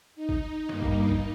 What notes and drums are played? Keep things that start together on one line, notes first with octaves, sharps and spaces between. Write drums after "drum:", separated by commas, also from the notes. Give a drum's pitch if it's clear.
D#4
drum: kick G#1
G2 G3 A#3, drum: snare
drum: kick G#1
drum: kick G#1